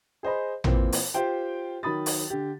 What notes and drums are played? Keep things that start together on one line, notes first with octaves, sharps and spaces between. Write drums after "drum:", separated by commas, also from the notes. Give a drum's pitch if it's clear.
G#4 C5 D#5 B5
A#2 E3 C4, drum: tom
drum: open hi-hat
F4 G4 C5 G5
D#3 F#3 B5 D#6 A6
drum: open hi-hat
D3 G4